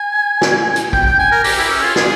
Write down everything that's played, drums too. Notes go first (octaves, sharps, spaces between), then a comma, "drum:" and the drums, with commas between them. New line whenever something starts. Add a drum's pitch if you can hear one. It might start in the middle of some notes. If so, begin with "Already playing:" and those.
Already playing: G#5
drum: snare
drum: hi-hat
G5, drum: kick
G5
G#5
A#4
G4, drum: open hi-hat
E4
C#4
F4
G#4, drum: snare